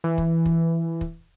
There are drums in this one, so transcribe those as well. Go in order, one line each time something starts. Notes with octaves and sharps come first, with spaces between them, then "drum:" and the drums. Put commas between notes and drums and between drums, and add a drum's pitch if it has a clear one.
E3
drum: kick
drum: kick
drum: kick